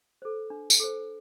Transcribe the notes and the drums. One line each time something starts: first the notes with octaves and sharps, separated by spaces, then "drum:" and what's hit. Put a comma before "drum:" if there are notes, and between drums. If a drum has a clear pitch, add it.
A4 C5
D4
drum: tambourine
A4 C5